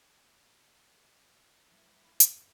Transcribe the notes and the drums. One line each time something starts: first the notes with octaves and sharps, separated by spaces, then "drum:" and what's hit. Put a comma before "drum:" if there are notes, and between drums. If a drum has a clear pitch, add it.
F3 F#3 G#3 A#3 E4 C5 D6
A1 F#2, drum: hi-hat